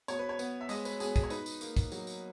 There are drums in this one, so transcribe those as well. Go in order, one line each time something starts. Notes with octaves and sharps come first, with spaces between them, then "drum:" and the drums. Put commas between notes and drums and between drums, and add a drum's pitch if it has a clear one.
B2 C#5, drum: tambourine
B4
C#5
B3, drum: tambourine
E5
G#3 D#5, drum: tambourine
B4, drum: tambourine
B2 G#4, drum: tambourine
G#4, drum: kick, tambourine
C#5
D#4 B4, drum: tambourine
drum: tambourine
A#3, drum: tambourine
drum: kick, tambourine
F#3, drum: tambourine
drum: tambourine